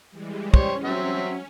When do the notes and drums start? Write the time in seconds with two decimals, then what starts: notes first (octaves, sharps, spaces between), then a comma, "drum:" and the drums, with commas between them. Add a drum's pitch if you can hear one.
0.12 E3 G3 G#3
0.54 G3 C#4 C5 C#5, drum: kick
0.85 F#3 C4 E5